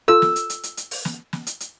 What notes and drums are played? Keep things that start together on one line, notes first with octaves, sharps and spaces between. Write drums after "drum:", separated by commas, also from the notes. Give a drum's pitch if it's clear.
F4 A4 E6
drum: snare
drum: hi-hat
drum: hi-hat
drum: hi-hat
drum: hi-hat
drum: open hi-hat
drum: snare
drum: snare
drum: hi-hat
drum: hi-hat